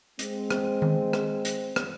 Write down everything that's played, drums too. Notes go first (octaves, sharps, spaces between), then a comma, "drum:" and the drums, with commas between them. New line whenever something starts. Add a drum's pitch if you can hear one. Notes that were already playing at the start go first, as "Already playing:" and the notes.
G#3 C4, drum: hi-hat
drum: rim click
drum: tom D#3
drum: rim click
drum: hi-hat
drum: rim click